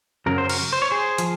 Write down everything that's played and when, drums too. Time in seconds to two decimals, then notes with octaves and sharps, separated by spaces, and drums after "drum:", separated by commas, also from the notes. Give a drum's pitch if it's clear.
0.26 F#2 C#3 F#3 A#4
0.38 C5
0.49 F#4 A#4, drum: cymbal
0.73 C5
0.82 C#5
0.91 G#4 C5
1.18 F3, drum: hi-hat